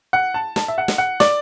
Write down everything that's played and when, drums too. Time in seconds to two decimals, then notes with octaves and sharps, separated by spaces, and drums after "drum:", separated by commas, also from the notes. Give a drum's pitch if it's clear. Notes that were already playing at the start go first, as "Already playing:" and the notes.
0.13 F#5
0.34 A5
0.56 A5, drum: snare
0.68 E5
0.78 F#5
0.88 drum: snare
0.98 F#5
1.20 D5, drum: snare